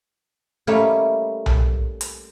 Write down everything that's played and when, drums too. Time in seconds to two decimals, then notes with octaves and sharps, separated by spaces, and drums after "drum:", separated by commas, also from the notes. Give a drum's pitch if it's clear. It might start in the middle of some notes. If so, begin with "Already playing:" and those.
0.67 G3 A3 A#3 C#4 D#4 E4
1.46 drum: tom B1
2.01 drum: hi-hat